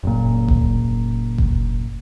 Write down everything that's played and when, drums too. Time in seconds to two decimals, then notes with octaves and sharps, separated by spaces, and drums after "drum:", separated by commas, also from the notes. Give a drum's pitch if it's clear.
0.03 F#1 A#2
0.48 drum: kick F1
1.38 drum: kick F1